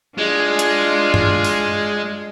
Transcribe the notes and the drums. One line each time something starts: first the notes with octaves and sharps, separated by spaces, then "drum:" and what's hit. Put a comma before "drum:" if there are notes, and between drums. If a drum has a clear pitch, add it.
G#3 D4 F4
drum: hi-hat
drum: tom G2
drum: open hi-hat